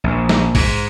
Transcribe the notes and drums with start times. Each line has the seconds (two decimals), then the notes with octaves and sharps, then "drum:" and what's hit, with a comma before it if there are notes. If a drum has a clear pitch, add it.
0.04 A#1
0.29 drum: snare
0.55 G#2, drum: kick, open hi-hat